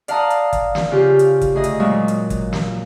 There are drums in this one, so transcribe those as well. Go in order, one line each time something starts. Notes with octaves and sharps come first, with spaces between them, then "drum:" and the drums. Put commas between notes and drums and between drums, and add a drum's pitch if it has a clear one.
D5 F5 F#5 A5 A#5 D#6, drum: hi-hat
drum: hi-hat
drum: kick, hi-hat
drum: snare
C#3 F4 G4 G#4
drum: hi-hat
drum: kick, hi-hat
D2 G#4 D#5
drum: hi-hat
A#2 F#3 G#3 C#6
drum: hi-hat
drum: kick, hi-hat
drum: snare